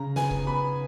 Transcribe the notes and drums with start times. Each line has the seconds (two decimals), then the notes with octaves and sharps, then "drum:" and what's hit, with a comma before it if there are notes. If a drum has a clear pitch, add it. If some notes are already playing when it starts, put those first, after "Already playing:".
Already playing: C#3 A#5
0.16 B3 G#5, drum: snare
0.31 drum: kick
0.47 B3 B5